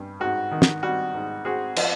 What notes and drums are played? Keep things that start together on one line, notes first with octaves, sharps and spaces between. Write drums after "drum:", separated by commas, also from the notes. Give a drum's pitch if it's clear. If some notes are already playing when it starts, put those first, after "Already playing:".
Already playing: G2 G3
G#2 F#4
D#3
drum: snare
G3 F#4
G#2
C4 F#4 G#4
F3, drum: cymbal